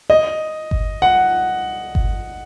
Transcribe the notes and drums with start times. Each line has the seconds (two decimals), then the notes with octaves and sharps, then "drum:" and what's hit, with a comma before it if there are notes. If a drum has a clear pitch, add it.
0.10 D#5
0.71 drum: kick G1
1.02 F#5
1.95 drum: kick G1